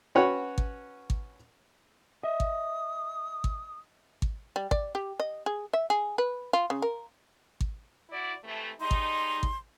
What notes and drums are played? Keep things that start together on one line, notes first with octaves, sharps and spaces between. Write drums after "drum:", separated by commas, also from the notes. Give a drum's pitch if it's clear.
C#4 F#4 B4 C#5 F#5 F#6
drum: kick G#1
drum: kick G#1
D#5 E5 D#6
drum: kick G#1
drum: kick G#1
drum: kick G#1
G3
D5, drum: kick G#1
G4
D#5
G#4
E5
G#4
B4
F4
C#3
A#4
drum: kick G#1
E4 F#4 D5
C3 E3 A3
G3 G#3 D#4 C6
drum: kick G#1
drum: kick G#1